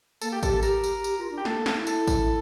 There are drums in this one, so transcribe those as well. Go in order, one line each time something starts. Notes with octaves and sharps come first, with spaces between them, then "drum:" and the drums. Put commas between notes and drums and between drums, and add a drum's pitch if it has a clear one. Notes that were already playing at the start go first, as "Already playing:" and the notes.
A#3 A4, drum: tambourine
G4
G4 A4, drum: kick A1, tambourine
A4
G4 A#4, drum: tambourine
drum: tambourine
G4, drum: tambourine
F4
D4
G4
A#3 A4, drum: snare
A#3
C4, drum: snare
E4
A4, drum: tambourine
drum: kick A1, tambourine